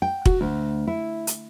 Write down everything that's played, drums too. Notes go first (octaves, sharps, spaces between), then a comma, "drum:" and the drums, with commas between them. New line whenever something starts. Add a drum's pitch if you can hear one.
G5
F#4, drum: kick
D2
E4
drum: hi-hat